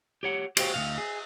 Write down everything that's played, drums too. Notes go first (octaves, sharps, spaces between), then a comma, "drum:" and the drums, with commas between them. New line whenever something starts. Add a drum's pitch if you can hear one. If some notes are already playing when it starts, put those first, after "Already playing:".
G4 C#5 F#5
F#4 G4 C5 C#5 F5 G5, drum: cymbal
D2 C3 F5
G#4